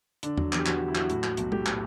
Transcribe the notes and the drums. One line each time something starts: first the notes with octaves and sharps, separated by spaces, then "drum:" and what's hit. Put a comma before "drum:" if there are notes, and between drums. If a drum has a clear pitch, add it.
D3 D4, drum: hi-hat
F#3, drum: tom E2
E2, drum: clap
G4
E2 F#4, drum: clap
D3 F#4
E4
F#3 F#4, drum: clap
A2, drum: hi-hat
F#3, drum: clap
B1, drum: hi-hat
A3 G4, drum: tom G#3
A2, drum: clap